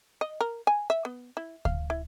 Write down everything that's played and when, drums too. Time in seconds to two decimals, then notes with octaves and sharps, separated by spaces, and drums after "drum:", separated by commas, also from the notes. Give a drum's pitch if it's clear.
0.21 D#5
0.41 A#4
0.67 G#5
0.90 E5
1.05 B3
1.37 E4
1.65 F5, drum: kick D2
1.90 E4